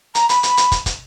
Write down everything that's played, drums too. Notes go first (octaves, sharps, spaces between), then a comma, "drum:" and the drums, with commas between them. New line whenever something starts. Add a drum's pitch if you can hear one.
A#5, drum: hi-hat
B5, drum: hi-hat
drum: hi-hat
drum: hi-hat
drum: kick, hi-hat
drum: kick, hi-hat